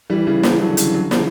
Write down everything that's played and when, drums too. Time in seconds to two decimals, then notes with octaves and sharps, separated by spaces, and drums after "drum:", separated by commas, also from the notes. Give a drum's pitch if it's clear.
0.10 E3 G3
0.27 C#3 E3
0.43 C#3 E3, drum: snare
0.61 D3 F#3
0.77 C#3 E3, drum: hi-hat
0.94 D3 F#3
1.11 C#3 E3, drum: snare